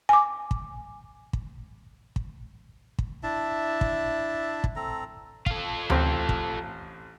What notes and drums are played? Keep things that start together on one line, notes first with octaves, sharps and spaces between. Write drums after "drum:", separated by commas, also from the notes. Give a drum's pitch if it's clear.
G#5 D6
drum: kick
drum: kick
drum: kick
drum: kick
D4 E4 E5 A5
drum: kick
drum: kick
C4 A4 A#5
F4 A4, drum: kick
A1 C4, drum: tom D2
drum: kick